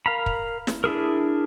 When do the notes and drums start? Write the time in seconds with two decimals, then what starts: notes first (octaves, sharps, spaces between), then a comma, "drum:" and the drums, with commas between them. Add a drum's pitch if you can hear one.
0.06 A#4 F5 A#5 B5
0.26 drum: kick
0.67 drum: snare
0.84 D4 E4 G#4 A#4